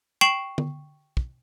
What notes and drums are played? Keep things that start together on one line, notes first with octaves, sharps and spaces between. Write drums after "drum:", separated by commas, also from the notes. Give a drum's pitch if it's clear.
G5 C#6 C7 E7 F#7
drum: tom D3
drum: kick